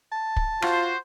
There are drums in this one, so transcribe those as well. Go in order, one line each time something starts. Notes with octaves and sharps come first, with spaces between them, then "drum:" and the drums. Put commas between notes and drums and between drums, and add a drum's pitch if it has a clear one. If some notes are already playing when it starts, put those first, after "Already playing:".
A5
drum: kick
F4 F#4 C5, drum: rim click